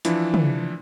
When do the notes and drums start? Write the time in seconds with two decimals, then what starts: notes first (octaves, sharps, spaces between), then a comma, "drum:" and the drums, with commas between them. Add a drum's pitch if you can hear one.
0.05 E3 F3 D4 E4, drum: hi-hat
0.34 drum: tom